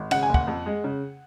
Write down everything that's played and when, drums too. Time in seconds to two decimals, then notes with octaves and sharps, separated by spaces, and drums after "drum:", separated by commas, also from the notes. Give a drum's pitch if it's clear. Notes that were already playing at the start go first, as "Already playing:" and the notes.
Already playing: G#1
0.11 C#3 F#5, drum: cymbal
0.23 G#5
0.29 F#1
0.34 F#5, drum: kick
0.47 F2
0.66 G#3
0.84 C#3